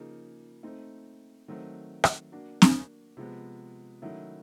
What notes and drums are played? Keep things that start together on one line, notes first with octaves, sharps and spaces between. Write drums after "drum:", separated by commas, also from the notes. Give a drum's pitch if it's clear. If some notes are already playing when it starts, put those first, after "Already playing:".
Already playing: C#3 F3 A#3 D#4
A3 C4 D#4
D#3 F#3 A3 C4
drum: rim click
A#3 D4 F#4
drum: snare C4
C3 F3 G#3 B3
D#3 F#3 A3 C#4 E4